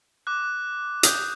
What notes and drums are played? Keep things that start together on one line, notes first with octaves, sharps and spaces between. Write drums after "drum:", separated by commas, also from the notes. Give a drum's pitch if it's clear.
D6 F#6
D#6 G6, drum: hi-hat